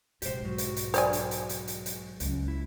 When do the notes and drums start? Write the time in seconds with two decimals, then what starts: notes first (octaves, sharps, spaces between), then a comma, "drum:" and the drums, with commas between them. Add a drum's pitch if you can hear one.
0.22 B1 G#2 G4 C5, drum: hi-hat
0.45 F#3
0.58 drum: hi-hat
0.76 drum: hi-hat
0.94 C5 D5 G#5, drum: hi-hat
1.13 drum: hi-hat
1.31 drum: hi-hat
1.49 drum: hi-hat
1.68 drum: hi-hat
1.86 drum: hi-hat
2.20 C#2, drum: hi-hat
2.48 E4